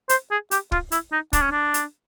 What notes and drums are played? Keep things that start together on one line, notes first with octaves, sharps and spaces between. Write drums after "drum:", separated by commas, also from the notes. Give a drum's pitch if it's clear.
C5, drum: hi-hat
G#4
G4, drum: hi-hat
F4, drum: kick
E4, drum: hi-hat
D#4
D4, drum: kick, hi-hat
C#4
D4
drum: hi-hat